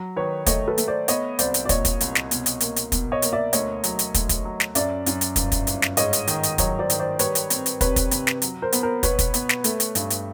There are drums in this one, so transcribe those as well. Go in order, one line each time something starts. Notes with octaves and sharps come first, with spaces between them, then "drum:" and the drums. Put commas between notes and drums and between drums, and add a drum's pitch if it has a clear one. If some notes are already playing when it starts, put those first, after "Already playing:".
Already playing: F#3
D#3 B4 C#5
A3 C#5 D#5, drum: kick, hi-hat
A4 B4
A3, drum: hi-hat
C5 D5
B3 C#5 D#5, drum: hi-hat
C2 C5 D5, drum: hi-hat
drum: hi-hat
D5
A#2 C#5 D#5, drum: kick, hi-hat
drum: kick, hi-hat
C2, drum: hi-hat
drum: snare
B2, drum: hi-hat
drum: hi-hat
A#3, drum: hi-hat
drum: hi-hat
B2, drum: kick, hi-hat
C#5 D#5
A#3, drum: hi-hat
D5 E5
D2 C#5 D#5, drum: hi-hat
F#3, drum: hi-hat
drum: hi-hat
D2, drum: kick, hi-hat
drum: kick, hi-hat
F#3
drum: snare
F#2 D5 E5, drum: hi-hat
F#2, drum: hi-hat
drum: hi-hat
G1, drum: kick, hi-hat
drum: kick, hi-hat
G1, drum: hi-hat
drum: snare
G#2 C#5 D#5, drum: hi-hat
drum: hi-hat
D#3, drum: hi-hat
drum: hi-hat
F#3 C#5 D#5, drum: kick, hi-hat
C5 D5
D#3, drum: hi-hat
C5 D5
G3 B4 C#5, drum: hi-hat
drum: hi-hat
C4, drum: hi-hat
drum: hi-hat
C3 B4 C#5, drum: kick, hi-hat
drum: kick, hi-hat
C3, drum: hi-hat
drum: snare
F#3, drum: hi-hat
A#4 C5
B3, drum: hi-hat
A#4 C5
B2 B4 C#5, drum: kick, hi-hat
drum: kick, hi-hat
B3, drum: hi-hat
drum: snare
A3, drum: hi-hat
drum: hi-hat
G2, drum: hi-hat
drum: hi-hat